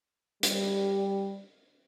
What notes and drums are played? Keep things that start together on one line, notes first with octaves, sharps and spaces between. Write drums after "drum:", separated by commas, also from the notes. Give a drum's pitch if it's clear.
G3, drum: hi-hat